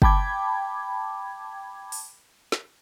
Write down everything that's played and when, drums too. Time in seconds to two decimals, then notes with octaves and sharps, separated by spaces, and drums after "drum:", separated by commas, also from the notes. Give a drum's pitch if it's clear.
0.02 G5 A5 B5 D6 G#6, drum: kick F#1
1.92 drum: open hi-hat
2.52 drum: snare